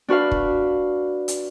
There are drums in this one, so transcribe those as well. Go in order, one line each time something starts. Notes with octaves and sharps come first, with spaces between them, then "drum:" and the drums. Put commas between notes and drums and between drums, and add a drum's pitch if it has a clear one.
D4 F#4 B4 F5
drum: kick
drum: hi-hat